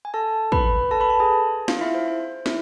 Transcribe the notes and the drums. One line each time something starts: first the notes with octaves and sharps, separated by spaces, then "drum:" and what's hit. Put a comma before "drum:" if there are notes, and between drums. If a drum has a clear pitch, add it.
G#5
A4 A5
B4 B5, drum: kick
A4 A5
B4 B5
A4 A5
G#4 G#5
F4 F5, drum: snare
E4 E5
C5
C5
E4 E5, drum: snare